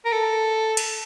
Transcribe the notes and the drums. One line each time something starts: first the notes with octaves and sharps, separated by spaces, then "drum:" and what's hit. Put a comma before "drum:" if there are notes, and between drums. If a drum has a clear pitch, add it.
A#4
A4
drum: cymbal